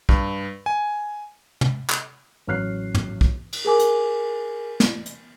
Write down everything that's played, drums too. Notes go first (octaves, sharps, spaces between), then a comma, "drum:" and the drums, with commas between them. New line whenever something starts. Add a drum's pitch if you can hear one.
G2, drum: kick
G#5
drum: tom
drum: clap
A1 F#3 C#5 F6 F#6 C7
drum: tom
drum: kick
drum: cymbal
G#4 A#4 G#5 D6
drum: hi-hat
drum: snare
drum: hi-hat